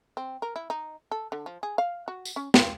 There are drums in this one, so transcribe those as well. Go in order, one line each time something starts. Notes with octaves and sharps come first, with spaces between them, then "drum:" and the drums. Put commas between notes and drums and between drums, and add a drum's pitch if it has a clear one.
C4
A#4
E4
D#4
A4
D3
F3
G#4
F5
F#4
drum: tambourine
C#4
C4, drum: snare